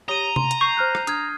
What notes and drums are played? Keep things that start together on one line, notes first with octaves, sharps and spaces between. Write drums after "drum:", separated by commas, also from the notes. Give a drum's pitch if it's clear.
G4 C#5 A#5 D#6 D#7 G7
C6, drum: tom C3
drum: hi-hat
C#6 G6 C7
C5 F6 F#6
drum: rim click
D4 D#6 F6 G#6, drum: hi-hat